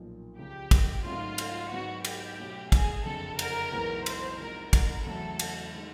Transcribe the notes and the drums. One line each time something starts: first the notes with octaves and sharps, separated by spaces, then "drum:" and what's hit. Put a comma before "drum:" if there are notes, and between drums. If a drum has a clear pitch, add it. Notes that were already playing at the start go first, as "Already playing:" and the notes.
Already playing: B1 A#2 F3
C#2 C#3 F3 G4
drum: kick, cymbal
G#2 D#3 F#3 A3 C#4 F4
drum: cymbal
G#2 D#3 F#3 B3 F#4
G4, drum: cymbal
B2 F#3 A3 C#4 F#4
G#4, drum: kick, cymbal
F#1 F2 D3 A4
A#4, drum: cymbal
B1 A2 E3 G#3 B3
C5, drum: cymbal
C3 F3 G#3 C4 D#4 A#4
A#4, drum: kick, cymbal
E2 C#3 F#3 A3 A4
drum: cymbal
D#3 G#3